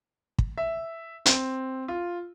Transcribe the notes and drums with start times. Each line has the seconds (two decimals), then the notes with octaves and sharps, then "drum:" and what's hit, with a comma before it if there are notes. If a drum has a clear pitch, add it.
0.39 drum: kick
0.58 E5
1.26 C4, drum: hi-hat
1.88 F4